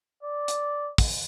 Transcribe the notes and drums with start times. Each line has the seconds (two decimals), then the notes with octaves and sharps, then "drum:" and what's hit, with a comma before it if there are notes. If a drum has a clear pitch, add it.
0.23 D5
0.48 drum: hi-hat
0.98 drum: kick, open hi-hat